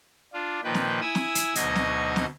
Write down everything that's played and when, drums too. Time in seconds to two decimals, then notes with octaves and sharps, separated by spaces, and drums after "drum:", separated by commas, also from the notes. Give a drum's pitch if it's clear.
0.33 D4 F4
0.64 A#2 D#3 F3 B4 G5
0.74 drum: snare
1.01 E4 G#5 D#6 E6
1.15 drum: snare
1.35 drum: hi-hat
1.55 D2 B2 F#3 D#4 D#5 G#6, drum: hi-hat
1.76 drum: snare
2.16 drum: snare